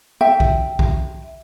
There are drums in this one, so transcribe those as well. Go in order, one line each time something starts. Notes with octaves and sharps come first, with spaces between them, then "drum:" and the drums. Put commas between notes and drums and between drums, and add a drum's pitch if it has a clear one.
E5 G5
drum: kick B1
drum: kick B1